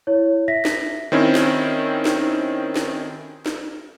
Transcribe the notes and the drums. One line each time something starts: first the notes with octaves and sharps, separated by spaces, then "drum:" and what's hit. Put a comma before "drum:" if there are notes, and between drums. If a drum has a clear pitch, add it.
E4 C#5
E5 A#6 B6
drum: snare
D#3 C4 C#4 E4
drum: snare
drum: snare
drum: snare
drum: snare